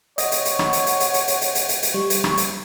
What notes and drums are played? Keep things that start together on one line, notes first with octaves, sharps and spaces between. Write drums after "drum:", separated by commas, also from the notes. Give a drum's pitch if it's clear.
C#5 D#5 F#5, drum: hi-hat
drum: hi-hat
drum: hi-hat
drum: rim click
drum: hi-hat
drum: hi-hat
drum: hi-hat
drum: hi-hat
drum: hi-hat
drum: hi-hat
drum: hi-hat
drum: hi-hat
drum: hi-hat
G3 C#6
drum: hi-hat
drum: rim click
drum: hi-hat